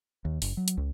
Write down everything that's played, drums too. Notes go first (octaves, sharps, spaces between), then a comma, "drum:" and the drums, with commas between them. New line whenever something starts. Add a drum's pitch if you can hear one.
D#2
F#1, drum: open hi-hat
F#3
drum: hi-hat
C#2